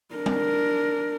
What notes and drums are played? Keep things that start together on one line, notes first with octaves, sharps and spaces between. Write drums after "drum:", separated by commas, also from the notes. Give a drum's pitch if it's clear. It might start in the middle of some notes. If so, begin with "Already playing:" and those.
D4 A#4
drum: tom G3